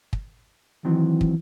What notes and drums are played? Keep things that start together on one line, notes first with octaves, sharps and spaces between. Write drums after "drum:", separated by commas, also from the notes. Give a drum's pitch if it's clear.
drum: kick
D#3 E3 F#3 C4
drum: kick